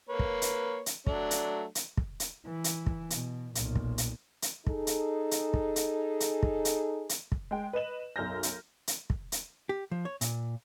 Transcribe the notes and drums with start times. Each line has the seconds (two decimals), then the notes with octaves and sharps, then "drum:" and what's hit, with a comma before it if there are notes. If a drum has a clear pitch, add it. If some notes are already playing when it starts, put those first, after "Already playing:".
0.09 A#3 B4 C#5
0.19 drum: kick
0.42 drum: hi-hat
0.86 drum: hi-hat
1.07 F#3 A3 D4, drum: kick
1.31 drum: hi-hat
1.75 drum: hi-hat
1.97 drum: kick
2.20 drum: hi-hat
2.46 E3
2.64 drum: hi-hat
2.86 drum: kick
3.10 B2, drum: hi-hat
3.55 B1 A#2, drum: hi-hat
3.76 drum: kick
3.98 drum: hi-hat
4.42 drum: hi-hat
4.67 D#4 G#4 A4, drum: kick
4.87 drum: hi-hat
5.31 drum: hi-hat
5.54 drum: kick
5.76 drum: hi-hat
6.20 drum: hi-hat
6.43 drum: kick
6.65 drum: hi-hat
7.09 drum: hi-hat
7.32 drum: kick
7.51 G#3 G5
7.73 B4 D#5 E7 F#7
8.16 B1 F#2 F6 G6 A#6
8.43 drum: hi-hat
8.87 drum: hi-hat
9.10 drum: kick
9.32 drum: hi-hat
9.69 G4
9.91 F3
10.05 C#5
10.21 A#2, drum: hi-hat